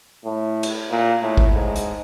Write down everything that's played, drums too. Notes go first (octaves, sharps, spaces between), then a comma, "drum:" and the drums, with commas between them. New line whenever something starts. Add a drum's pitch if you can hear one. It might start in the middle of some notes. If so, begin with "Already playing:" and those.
A2
drum: cymbal
A#2
A2
drum: kick
G#2
drum: hi-hat